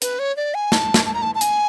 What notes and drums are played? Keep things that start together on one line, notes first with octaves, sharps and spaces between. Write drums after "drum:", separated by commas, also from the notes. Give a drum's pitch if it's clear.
B4, drum: hi-hat
C#5
D5
G#5
A5, drum: snare
drum: snare
A5
A#5
A5
A5
G#5, drum: hi-hat